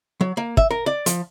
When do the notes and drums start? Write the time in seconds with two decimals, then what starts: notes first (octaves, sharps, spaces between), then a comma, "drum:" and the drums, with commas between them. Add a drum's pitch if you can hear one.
0.21 F#3
0.37 A#3
0.57 E5, drum: kick
0.71 A#4
0.86 D5
1.06 F3, drum: hi-hat